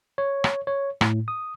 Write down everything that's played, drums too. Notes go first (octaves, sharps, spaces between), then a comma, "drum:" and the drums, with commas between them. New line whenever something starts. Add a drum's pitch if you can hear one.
C#5
drum: rim click
C#5
A2, drum: rim click
D#6